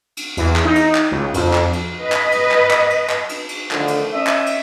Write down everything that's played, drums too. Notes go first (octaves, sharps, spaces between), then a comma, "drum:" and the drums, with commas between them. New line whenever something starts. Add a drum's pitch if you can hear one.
drum: cymbal
E2, drum: cymbal
drum: clap
D#4
drum: cymbal
drum: clap
C#2
F2, drum: cymbal
drum: clap
drum: cymbal
B4 D#5
drum: clap
drum: cymbal
drum: clap
drum: clap
drum: cymbal
drum: clap
drum: cymbal
drum: cymbal
D3 D#3 F3 A3, drum: clap
drum: cymbal
C#4 D#5 E5
drum: clap
drum: cymbal